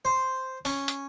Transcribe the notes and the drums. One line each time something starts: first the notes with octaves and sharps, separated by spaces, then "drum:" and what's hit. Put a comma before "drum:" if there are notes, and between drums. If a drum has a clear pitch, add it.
C5
C#4, drum: open hi-hat
drum: hi-hat